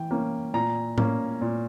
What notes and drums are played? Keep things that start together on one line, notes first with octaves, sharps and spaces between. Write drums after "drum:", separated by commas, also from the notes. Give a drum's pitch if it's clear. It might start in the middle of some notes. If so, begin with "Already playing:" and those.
Already playing: E3 G5
A#3 C#4
A#2 A#5
A#3 C#4, drum: tom A2
A#2